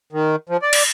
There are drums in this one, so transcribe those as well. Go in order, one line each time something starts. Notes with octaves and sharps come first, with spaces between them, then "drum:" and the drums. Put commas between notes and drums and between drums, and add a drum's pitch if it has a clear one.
D#3
F3
D5
drum: cymbal